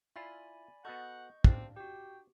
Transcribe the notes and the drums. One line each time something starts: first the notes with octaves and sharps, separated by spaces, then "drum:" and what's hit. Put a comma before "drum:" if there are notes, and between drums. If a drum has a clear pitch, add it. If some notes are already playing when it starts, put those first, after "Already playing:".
E4 F4 D5 F5 G#5 B5
B3 F#4 A4 D#5 F#5 C#6 G6
C4 D4 F5, drum: kick
F#4 G4 G5